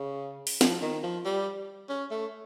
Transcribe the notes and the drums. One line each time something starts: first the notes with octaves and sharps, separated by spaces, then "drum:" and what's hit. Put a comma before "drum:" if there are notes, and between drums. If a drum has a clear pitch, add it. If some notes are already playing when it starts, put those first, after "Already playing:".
Already playing: C#3
drum: open hi-hat
F3, drum: snare
D#3
F3
G3
C#4
A3